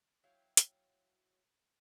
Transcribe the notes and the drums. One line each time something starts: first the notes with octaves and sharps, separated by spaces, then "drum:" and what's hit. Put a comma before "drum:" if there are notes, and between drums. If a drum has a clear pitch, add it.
F#3 E4 F5 G5
drum: hi-hat